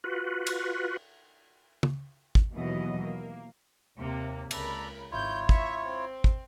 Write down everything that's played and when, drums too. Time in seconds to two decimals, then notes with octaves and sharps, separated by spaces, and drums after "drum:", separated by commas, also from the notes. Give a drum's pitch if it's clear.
0.04 F4 F#4 B4
0.47 drum: cymbal
1.83 drum: tom
2.35 drum: kick
2.53 D#2 B2 E3 F#3 B3 D#5
3.00 A#3
3.99 D#2 C3 A#3
4.51 C#2 A4 A#4 D5 A#5 B5, drum: cymbal
5.11 G#1 E4 F4 C#5 G6
5.49 E5 C#6, drum: kick
5.85 C4
6.24 drum: kick